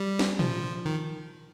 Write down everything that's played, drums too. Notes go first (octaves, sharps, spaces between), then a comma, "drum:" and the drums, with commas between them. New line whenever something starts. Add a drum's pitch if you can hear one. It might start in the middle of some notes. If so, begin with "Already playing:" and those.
Already playing: G3
drum: snare
F3, drum: tom
D#3